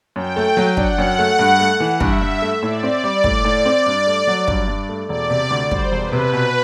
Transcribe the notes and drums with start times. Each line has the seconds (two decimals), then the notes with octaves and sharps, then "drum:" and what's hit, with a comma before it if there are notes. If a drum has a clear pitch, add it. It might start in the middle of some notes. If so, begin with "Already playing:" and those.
0.15 F#2 G5
0.36 A3
0.57 F#3
0.77 D4 F#5, drum: kick
0.98 F#2
1.19 A3
1.39 G2
1.60 A3
1.80 E3
2.00 G2 E5, drum: kick
2.22 G2
2.42 A3
2.62 A2 D5
2.83 C4
3.04 G3
3.24 A2, drum: kick
3.44 A2
3.65 C4
3.86 G2
4.07 A3
4.27 F#3
4.48 G2, drum: kick
4.68 G2
4.89 A3
5.09 E1 D5
5.30 C3
5.50 D2
5.71 G3 C5, drum: kick
5.92 E1
6.02 B4
6.12 C3
6.33 B2